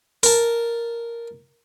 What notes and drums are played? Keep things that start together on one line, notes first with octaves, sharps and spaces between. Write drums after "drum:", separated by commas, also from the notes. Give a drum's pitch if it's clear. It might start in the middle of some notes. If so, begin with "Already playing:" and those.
A#4 A5, drum: open hi-hat